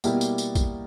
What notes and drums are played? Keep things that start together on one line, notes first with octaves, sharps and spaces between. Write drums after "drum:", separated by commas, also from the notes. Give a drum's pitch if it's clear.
B2 G3 A#3 E4 G4, drum: tambourine
drum: tambourine
drum: tambourine
drum: kick A#1, tambourine